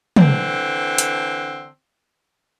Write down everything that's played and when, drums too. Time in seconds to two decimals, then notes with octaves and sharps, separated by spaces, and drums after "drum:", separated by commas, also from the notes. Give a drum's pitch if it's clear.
0.16 D3 E3 C4, drum: tom
0.98 drum: hi-hat